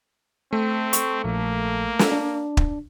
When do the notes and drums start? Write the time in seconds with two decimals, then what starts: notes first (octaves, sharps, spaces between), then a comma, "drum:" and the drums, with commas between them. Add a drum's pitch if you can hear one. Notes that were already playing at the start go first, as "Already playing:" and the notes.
0.53 A3 C4
0.93 C#6, drum: hi-hat
1.24 A#1 A#3
1.99 drum: snare
2.12 D4
2.57 drum: kick